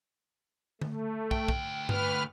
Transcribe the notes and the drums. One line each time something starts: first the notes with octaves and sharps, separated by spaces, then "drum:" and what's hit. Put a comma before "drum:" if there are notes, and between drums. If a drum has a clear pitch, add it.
A3, drum: tom D3
D2 G5, drum: kick
drum: kick
B4 F6, drum: tom G2